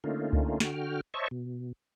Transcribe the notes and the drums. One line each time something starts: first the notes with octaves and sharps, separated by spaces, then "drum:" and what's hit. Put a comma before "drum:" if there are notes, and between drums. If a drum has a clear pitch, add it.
D3 A3 A#3 C#4 D#4 F4
drum: kick C#2
D3 F#4 G5 F6, drum: snare
C5 C#5 D#5 E5 A5 C#6
B2